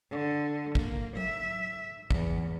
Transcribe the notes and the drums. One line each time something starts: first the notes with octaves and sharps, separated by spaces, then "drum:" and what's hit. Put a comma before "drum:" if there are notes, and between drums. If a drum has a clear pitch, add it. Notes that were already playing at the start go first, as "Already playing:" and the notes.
D3
A#3, drum: kick
E5, drum: tom F#3
E2, drum: kick